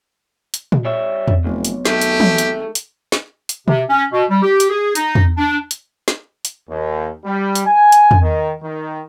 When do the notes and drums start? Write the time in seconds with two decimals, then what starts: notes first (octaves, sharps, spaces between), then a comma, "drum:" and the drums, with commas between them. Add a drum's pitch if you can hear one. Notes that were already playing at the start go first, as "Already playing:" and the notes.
0.54 drum: hi-hat
0.72 drum: tom A#2
0.85 G3 C#5 E5
1.28 drum: tom E2
1.44 F1 B1
1.65 drum: hi-hat
1.85 B1 D#3 G#3 A3 G4, drum: snare
2.01 drum: hi-hat
2.20 drum: tom
2.38 drum: hi-hat
2.75 drum: hi-hat
3.12 drum: snare
3.49 drum: hi-hat
3.68 C3, drum: tom B2
3.90 C#4
4.12 B2
4.30 G3
4.43 G4
4.60 drum: hi-hat
4.70 G#4
4.95 D#4, drum: hi-hat
5.15 drum: tom E2
5.37 D4
5.71 drum: hi-hat
6.08 drum: snare
6.45 drum: hi-hat
6.69 D#2
7.25 G3
7.55 drum: hi-hat
7.67 G#5
7.92 drum: hi-hat
8.11 drum: tom E2
8.22 D#3
8.63 D#3